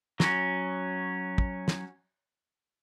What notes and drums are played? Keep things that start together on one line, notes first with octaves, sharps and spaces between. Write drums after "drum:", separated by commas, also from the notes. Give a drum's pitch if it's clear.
F#3 C#4, drum: snare
drum: kick
drum: snare